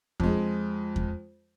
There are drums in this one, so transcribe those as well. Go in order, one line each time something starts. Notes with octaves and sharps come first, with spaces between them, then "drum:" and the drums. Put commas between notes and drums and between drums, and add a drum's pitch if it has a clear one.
F2 G#3, drum: kick E2
drum: kick E2